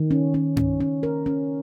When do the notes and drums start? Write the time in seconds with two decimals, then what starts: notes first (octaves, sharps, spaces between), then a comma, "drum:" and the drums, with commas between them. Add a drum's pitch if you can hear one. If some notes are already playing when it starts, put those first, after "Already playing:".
Already playing: D#3
0.11 C#4
0.34 C#4
0.57 C#4, drum: tom G2
0.81 C#4
1.03 A#4
1.26 C#4